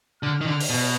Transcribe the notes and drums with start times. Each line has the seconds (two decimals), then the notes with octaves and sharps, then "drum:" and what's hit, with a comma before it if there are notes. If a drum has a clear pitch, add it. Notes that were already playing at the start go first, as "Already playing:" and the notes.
0.23 D3 F6
0.41 D#3
0.47 D3
0.60 drum: open hi-hat
0.70 B2